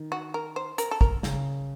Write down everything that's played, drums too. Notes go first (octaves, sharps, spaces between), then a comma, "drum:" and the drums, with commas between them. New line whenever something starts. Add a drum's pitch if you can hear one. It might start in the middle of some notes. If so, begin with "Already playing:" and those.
Already playing: D#3
F#4
A#4
C5
A#4, drum: hi-hat
A4
A#4, drum: kick
C#3, drum: snare